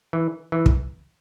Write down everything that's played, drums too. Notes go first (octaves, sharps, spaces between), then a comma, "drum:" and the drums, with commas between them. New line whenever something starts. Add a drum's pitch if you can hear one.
E3
E3
drum: kick